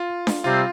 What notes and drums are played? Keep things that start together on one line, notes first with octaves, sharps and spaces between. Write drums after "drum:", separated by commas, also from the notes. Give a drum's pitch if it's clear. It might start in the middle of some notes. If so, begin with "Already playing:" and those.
Already playing: F4
drum: snare D4
C3 G3 C4 F4